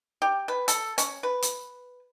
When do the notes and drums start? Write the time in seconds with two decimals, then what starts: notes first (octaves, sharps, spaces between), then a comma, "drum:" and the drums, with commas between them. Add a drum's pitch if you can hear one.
0.22 G4
0.48 B4
0.68 A4, drum: hi-hat
0.98 C#4, drum: hi-hat
1.23 B4
1.42 drum: hi-hat